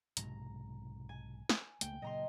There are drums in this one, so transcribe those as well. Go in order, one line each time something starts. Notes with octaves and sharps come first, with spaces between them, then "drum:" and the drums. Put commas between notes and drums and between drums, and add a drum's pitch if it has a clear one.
B1 G#2 C3 A#5, drum: hi-hat
G#5
drum: snare
C#2 A3 A#3 G5, drum: hi-hat
A#2 C#3 F#3 D#5 A#5 C6